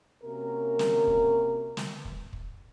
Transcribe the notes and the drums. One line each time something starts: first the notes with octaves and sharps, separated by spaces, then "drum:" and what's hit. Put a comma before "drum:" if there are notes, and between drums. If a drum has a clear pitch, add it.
C3 A#3 C#4 F#4 A#4
drum: snare
drum: kick
drum: snare
drum: kick
drum: kick